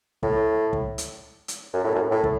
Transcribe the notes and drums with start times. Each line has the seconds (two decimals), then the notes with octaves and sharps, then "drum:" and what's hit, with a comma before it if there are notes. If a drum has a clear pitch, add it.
0.23 A2, drum: kick
0.73 drum: kick
0.98 drum: hi-hat
1.48 drum: hi-hat
1.74 F#2
1.84 A2
1.95 F#2
2.11 A2
2.24 drum: kick